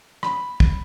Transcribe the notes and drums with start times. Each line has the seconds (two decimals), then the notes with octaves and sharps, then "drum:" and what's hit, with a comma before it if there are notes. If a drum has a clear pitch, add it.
0.23 B5, drum: rim click
0.60 drum: kick